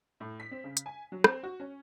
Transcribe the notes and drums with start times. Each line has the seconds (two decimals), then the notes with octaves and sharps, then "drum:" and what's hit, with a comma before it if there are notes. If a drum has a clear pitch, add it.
0.20 A2
0.40 B6
0.51 C4
0.64 C#3
0.77 drum: hi-hat
0.86 G#5
1.12 F#3
1.24 C4, drum: rim click
1.43 F#4
1.60 C#4